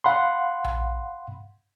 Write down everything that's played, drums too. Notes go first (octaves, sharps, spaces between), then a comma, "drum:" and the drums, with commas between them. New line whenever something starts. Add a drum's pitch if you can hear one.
F5 F#5 B5 C6
drum: tom A#1